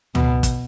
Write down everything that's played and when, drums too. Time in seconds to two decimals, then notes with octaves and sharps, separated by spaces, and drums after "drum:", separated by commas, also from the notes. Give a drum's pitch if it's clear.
0.15 B2, drum: tom C#2
0.43 drum: kick, hi-hat